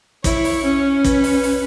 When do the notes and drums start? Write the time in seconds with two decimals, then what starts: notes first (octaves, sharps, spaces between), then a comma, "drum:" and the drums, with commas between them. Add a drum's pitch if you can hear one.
0.24 E4 C#5, drum: kick, hi-hat
0.45 drum: open hi-hat
0.64 C#4
1.04 B4, drum: kick, hi-hat
1.24 drum: open hi-hat
1.43 drum: open hi-hat